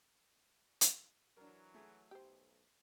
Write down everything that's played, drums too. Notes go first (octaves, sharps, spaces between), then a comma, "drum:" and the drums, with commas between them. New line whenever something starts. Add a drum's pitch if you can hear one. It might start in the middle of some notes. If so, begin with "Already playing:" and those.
drum: hi-hat
E3 F#3 D4 A#4
A3 G#4
B1 G4 C5